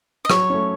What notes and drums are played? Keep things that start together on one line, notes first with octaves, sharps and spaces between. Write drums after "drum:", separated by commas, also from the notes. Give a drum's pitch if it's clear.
D#5
F#3 C#5, drum: rim click
A3 C#4